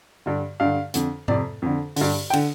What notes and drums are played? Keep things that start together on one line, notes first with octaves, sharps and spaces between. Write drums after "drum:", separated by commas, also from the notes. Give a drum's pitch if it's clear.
G2 D3
G2 D3 F5
F2 D3, drum: hi-hat
F2 C3 D5, drum: tom G#2
F2 D3
G2 D3, drum: open hi-hat
G5
D3, drum: cymbal